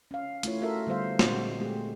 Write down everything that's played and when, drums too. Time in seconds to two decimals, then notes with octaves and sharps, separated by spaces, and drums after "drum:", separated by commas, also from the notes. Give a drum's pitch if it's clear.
0.11 C#4 F5
0.43 A3 E4 F4 C#5, drum: hi-hat
0.61 F4 F#4 A4 A#4 C#5 E5
0.87 D3 G3 B3 C5 F5
1.19 A#2 G#3 C4 D4 F#4 C5, drum: snare
1.60 G#3 A3 C4 G4 G#4